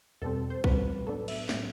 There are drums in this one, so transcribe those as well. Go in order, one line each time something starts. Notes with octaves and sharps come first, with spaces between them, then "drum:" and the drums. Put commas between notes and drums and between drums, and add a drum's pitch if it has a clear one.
E2 B2 G3 C4 A4
C5
E2 B2 G3 C4 B4, drum: kick B1
A2 F#3 B3 D4 A4
E5, drum: cymbal
A2 F#3 B3 D4, drum: snare